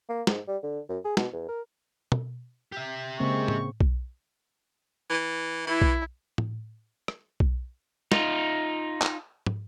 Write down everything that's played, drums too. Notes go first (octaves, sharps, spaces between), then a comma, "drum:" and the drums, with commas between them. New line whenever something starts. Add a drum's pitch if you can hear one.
A#3
G#2, drum: snare
G3
D3
F#2
G#4
B2, drum: snare
E2
A#4
drum: tom
G4 E5
C#3 G#3 A#3 C4 C#6
drum: tom A2
drum: kick B1
E3
E3 E4
drum: kick B1
drum: tom A2
drum: rim click
drum: kick B1
D#4 F4, drum: snare
drum: clap
drum: tom